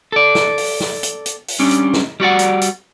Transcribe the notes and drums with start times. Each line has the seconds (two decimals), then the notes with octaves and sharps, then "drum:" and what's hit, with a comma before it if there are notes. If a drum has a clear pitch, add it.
0.12 A4 D5
0.35 drum: snare
0.58 drum: open hi-hat
0.80 drum: snare
1.03 drum: hi-hat
1.26 drum: hi-hat
1.48 drum: open hi-hat
1.59 G3 C#4 D4
1.71 drum: hi-hat
1.94 drum: snare
2.20 G3 F#4 D5 F#5
2.39 drum: hi-hat
2.62 drum: hi-hat